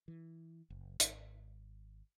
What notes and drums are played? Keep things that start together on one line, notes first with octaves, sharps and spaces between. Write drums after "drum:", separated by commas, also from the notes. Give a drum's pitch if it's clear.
E3
F#1
G#1, drum: hi-hat